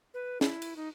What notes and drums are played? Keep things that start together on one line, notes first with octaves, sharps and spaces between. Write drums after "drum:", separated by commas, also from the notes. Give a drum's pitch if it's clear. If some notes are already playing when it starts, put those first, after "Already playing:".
B4
E4, drum: snare
drum: cymbal
D#4